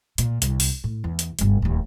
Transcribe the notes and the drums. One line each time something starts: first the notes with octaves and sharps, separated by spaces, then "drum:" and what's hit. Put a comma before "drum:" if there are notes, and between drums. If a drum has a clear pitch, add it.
A#2, drum: hi-hat
C2 D3, drum: hi-hat
drum: open hi-hat
A2
E2
drum: hi-hat
G1 C#2, drum: hi-hat
D1 D#2